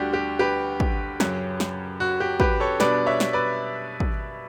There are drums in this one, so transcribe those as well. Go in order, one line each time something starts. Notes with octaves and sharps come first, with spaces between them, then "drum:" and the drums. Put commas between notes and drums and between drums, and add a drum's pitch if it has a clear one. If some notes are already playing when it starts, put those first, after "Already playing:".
Already playing: D2 D3 G3 F#4 G4
G4
G4 B4
drum: kick
F#2 C#3 F#3 C#4, drum: snare
drum: snare
F#4
G4
G4 B4, drum: kick
A4 C#5
B2 G3 D4 B4 D5, drum: snare
C#5 E5
drum: snare
B4 D5
drum: kick